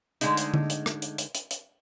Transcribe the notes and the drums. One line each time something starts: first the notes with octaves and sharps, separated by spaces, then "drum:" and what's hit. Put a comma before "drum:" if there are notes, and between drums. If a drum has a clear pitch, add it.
D3 G#3 A3 D#4, drum: hi-hat
drum: hi-hat
drum: tom D3
drum: hi-hat
drum: rim click
drum: hi-hat
drum: hi-hat
drum: hi-hat
drum: hi-hat